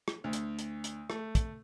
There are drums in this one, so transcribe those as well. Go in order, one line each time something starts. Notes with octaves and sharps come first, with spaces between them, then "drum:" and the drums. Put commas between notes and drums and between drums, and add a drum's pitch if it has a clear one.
drum: rim click
D2
drum: hi-hat
drum: hi-hat
drum: hi-hat
A3, drum: rim click
drum: kick, hi-hat